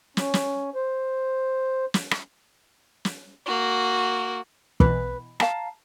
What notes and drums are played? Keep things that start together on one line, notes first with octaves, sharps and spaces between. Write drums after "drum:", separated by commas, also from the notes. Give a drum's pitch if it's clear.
C#4, drum: snare
drum: snare
C5
drum: snare
drum: rim click
drum: snare
A#3 F#4
B2 E3 B4, drum: kick
F5 A5 A#5, drum: rim click